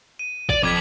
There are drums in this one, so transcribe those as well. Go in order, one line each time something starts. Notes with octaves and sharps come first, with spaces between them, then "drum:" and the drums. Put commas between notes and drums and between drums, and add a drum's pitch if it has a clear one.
D#7
D5, drum: kick
F2 D6 G#6 B6